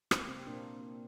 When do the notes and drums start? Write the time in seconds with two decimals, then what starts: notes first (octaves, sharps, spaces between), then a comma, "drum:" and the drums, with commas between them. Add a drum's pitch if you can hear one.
0.11 A#3 C4, drum: rim click
0.28 C3 C4
0.46 A#2 A#3 D4